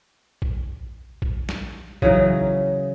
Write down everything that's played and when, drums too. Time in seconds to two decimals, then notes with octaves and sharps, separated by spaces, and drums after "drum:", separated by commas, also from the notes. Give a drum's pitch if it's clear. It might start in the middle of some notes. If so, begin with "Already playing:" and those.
0.42 drum: kick A#1
1.22 drum: kick A#1
1.49 drum: snare
2.02 C#3 E3 F#3 D#4, drum: kick A#1